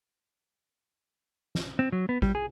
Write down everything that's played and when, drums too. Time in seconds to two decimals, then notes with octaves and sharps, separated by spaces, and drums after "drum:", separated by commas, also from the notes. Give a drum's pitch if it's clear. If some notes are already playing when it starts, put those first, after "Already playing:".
1.55 drum: snare
1.79 C4
1.92 F#3
2.09 B3
2.22 G3, drum: kick
2.35 G#4